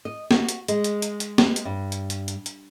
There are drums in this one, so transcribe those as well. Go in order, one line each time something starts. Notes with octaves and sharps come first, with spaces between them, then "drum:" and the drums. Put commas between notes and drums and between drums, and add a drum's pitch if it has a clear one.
D#5
F#4, drum: snare
drum: hi-hat
G#3, drum: hi-hat
drum: hi-hat
drum: hi-hat
drum: hi-hat
drum: snare
drum: hi-hat
G2
drum: hi-hat
drum: hi-hat
drum: hi-hat
drum: hi-hat